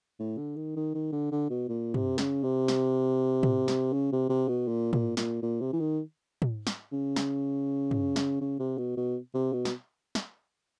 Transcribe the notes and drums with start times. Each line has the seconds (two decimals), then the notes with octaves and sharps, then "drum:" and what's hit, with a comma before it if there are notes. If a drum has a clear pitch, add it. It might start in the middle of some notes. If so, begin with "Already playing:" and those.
0.19 A2
0.38 D3
0.56 D#3
0.76 D#3
0.94 D#3
1.12 D3
1.31 D3
1.50 B2
1.68 A#2
1.94 C3, drum: tom
2.18 C#3, drum: snare
2.44 C3
2.68 drum: snare
3.43 drum: tom
3.68 drum: snare
3.93 C#3
4.12 C3
4.30 C3
4.48 B2
4.68 A#2
4.93 A#2, drum: tom
5.17 A#2, drum: snare
5.42 A#2
5.61 C3
5.73 E3
5.80 D#3
6.42 drum: tom
6.67 drum: snare
6.92 C#3
7.16 drum: snare
7.91 drum: tom
8.16 drum: snare
8.41 C#3
8.59 C3
8.78 B2
8.97 B2
9.34 C3
9.53 B2
9.65 drum: snare
10.15 drum: snare